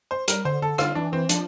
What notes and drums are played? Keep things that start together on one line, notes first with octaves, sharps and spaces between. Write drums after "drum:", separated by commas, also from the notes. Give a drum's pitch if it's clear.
C5
G3 A#4, drum: hi-hat
D3 C5
D3 A4
D3 F4, drum: rim click
E3 D4
E3 C4
F3 D4, drum: hi-hat